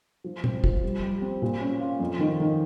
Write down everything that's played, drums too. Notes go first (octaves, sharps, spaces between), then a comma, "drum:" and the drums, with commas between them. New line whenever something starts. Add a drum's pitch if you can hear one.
F3
C4, drum: tom A#2
F3, drum: kick
G3
G3
C4
A#2
C#4
F4
F2
D#3
D#3